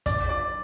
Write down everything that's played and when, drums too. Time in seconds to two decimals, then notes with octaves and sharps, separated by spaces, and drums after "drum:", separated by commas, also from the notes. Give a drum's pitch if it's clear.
0.06 D5, drum: kick, hi-hat
0.29 D5